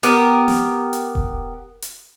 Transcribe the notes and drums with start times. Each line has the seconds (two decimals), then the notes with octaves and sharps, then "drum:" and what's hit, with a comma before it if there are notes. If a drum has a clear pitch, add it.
0.03 B3 G4 A#4, drum: hi-hat
0.48 drum: snare
0.93 drum: hi-hat
1.15 drum: kick E1
1.82 drum: hi-hat